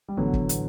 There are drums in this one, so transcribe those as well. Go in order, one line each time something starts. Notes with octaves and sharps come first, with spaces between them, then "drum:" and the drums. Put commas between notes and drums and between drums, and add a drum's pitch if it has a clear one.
G3
A1 A2 D3 E3 F#3 B3
drum: kick
drum: hi-hat